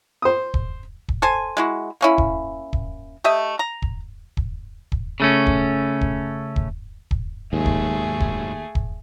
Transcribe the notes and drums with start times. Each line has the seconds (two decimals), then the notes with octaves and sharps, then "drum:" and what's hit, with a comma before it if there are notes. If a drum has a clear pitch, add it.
0.22 C5 D#6
0.54 drum: kick
1.09 drum: kick
1.22 A4 C5 G#5
1.57 G#3 E4 F#4
2.01 A#3 C#4 E4
2.18 drum: kick
2.73 drum: kick
3.24 A3 G4 D#5 E5
3.59 A#5
3.82 drum: kick
4.37 drum: kick
4.92 drum: kick
5.20 C#3 A3 C#4
5.47 drum: kick
6.01 drum: kick
6.56 drum: kick
7.11 drum: kick
7.53 D#2 G#2 F#3 A3 G#4
7.66 drum: kick
8.20 drum: kick
8.75 drum: kick